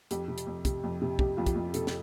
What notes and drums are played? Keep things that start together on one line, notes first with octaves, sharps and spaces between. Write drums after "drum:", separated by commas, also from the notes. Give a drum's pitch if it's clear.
F2 G4, drum: hi-hat
C3
drum: hi-hat
F2
C3, drum: kick, hi-hat
F2
C3
C3 G4, drum: kick
F2 F4
G4, drum: kick, hi-hat
F2
C3 A4, drum: hi-hat
A4, drum: snare